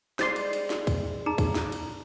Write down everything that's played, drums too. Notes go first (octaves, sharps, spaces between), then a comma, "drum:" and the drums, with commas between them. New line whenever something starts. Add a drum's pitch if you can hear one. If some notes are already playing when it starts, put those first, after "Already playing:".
G3 G#3 C5 D5 C6, drum: snare
drum: cymbal
drum: cymbal
drum: snare
drum: kick, cymbal
D#4 G#4 A#5
drum: kick, cymbal
drum: snare
drum: cymbal